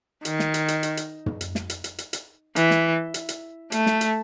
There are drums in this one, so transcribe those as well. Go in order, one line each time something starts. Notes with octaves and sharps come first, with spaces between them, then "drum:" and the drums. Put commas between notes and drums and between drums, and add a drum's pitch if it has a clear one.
D#3, drum: hi-hat
drum: snare
drum: hi-hat
drum: hi-hat
drum: hi-hat
drum: hi-hat
drum: tom
drum: hi-hat
drum: snare
drum: hi-hat
drum: hi-hat
drum: hi-hat
drum: hi-hat
E3, drum: hi-hat
drum: snare
drum: hi-hat
drum: hi-hat
A3, drum: hi-hat
drum: snare
drum: hi-hat